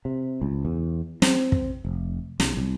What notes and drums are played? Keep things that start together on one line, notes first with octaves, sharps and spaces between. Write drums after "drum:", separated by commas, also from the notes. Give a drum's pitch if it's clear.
C3
C#2
E2
C4, drum: snare
drum: kick
F1
B1, drum: snare
C2